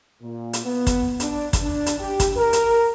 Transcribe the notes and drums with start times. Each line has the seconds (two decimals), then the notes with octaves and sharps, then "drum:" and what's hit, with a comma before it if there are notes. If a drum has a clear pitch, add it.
0.22 A#2
0.53 drum: hi-hat
0.65 B3
0.87 drum: kick, hi-hat
1.20 D4, drum: hi-hat
1.53 drum: kick, hi-hat
1.63 D4
1.86 drum: hi-hat
2.00 G4
2.20 drum: kick, hi-hat
2.36 A#4
2.53 drum: hi-hat